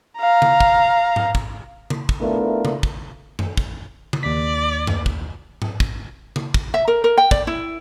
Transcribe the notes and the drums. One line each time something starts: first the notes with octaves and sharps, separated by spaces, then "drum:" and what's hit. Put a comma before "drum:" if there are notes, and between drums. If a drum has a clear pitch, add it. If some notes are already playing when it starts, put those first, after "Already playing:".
F5 A#5
drum: tom C#3
drum: kick
drum: tom G#2
drum: kick
drum: tom C#3
drum: kick
A3 B3 D4 E4 F4 A#4
drum: tom C#3
drum: kick
drum: tom F#2
drum: kick
drum: tom C#3
D#2 D5 B6
drum: tom F#2
drum: kick
drum: tom G#2
drum: kick
drum: tom C#3
drum: kick
E5
A#4
A#4
G5
D5, drum: kick
E4